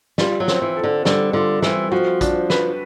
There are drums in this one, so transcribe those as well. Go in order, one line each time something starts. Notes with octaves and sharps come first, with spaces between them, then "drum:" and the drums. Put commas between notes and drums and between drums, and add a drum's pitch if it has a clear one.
G3 F4, drum: snare
F#3
C4, drum: snare
E3
A4
D3
D3 G3, drum: snare
D3 F4
E3 C4, drum: snare
F3 F#4
D4, drum: kick, hi-hat
B4, drum: snare